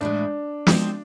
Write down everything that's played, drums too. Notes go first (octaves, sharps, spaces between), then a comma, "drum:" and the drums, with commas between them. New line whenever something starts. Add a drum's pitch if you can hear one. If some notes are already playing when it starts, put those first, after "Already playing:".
A2 E3 G#3 D4
F3 G#3 C4, drum: snare